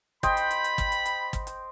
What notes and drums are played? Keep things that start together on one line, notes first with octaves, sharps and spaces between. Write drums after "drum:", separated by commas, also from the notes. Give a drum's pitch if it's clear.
C5 D#5 G5 B5, drum: kick, hi-hat
drum: hi-hat
drum: hi-hat
drum: hi-hat
drum: kick, hi-hat
drum: hi-hat
drum: hi-hat
drum: kick, hi-hat
drum: hi-hat